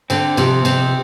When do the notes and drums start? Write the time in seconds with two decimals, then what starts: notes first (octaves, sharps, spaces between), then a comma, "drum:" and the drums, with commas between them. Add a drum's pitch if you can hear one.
0.10 D3 C4, drum: cymbal
0.37 C3 F3, drum: cymbal
0.65 C3 C4, drum: cymbal